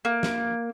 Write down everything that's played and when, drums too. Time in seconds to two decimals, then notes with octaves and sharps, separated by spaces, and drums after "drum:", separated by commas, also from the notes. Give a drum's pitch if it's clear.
0.05 A#3
0.23 drum: snare